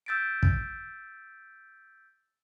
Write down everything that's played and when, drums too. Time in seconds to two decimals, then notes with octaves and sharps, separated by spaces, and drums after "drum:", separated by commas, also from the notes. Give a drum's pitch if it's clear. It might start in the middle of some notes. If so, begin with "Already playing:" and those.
0.06 E6 G6 A6 B6 D7
0.43 drum: kick